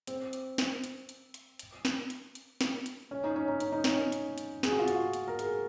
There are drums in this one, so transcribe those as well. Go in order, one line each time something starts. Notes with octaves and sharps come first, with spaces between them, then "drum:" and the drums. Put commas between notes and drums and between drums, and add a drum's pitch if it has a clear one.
C4, drum: hi-hat
drum: hi-hat
drum: snare
drum: hi-hat
drum: hi-hat
drum: hi-hat
drum: hi-hat
drum: snare
drum: hi-hat
drum: hi-hat
drum: snare
drum: hi-hat
C#4
D#4
C#4
D#4
C#4, drum: hi-hat
D#4
C#4, drum: snare
drum: hi-hat
drum: hi-hat
G#4, drum: snare
F#4
F4
F#4, drum: hi-hat
drum: hi-hat
A#4
G#4, drum: hi-hat